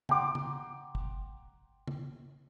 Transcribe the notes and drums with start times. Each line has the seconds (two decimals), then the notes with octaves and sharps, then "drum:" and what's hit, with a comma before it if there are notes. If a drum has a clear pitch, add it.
0.09 F#5 G5 A#5 C6 D6, drum: tom C#3
0.35 drum: tom C#3
0.95 drum: kick
1.87 drum: tom C#3